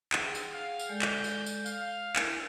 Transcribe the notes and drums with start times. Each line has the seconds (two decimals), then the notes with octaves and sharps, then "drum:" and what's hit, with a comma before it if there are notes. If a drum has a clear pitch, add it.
0.12 G#4 F#5 G5, drum: clap
0.35 drum: tambourine
0.53 F5
0.79 drum: tambourine
0.89 G#3 A4 D5 G6
1.02 drum: clap
1.24 drum: tambourine
1.46 drum: tambourine
1.66 F5, drum: tambourine
2.16 E4 A#4, drum: clap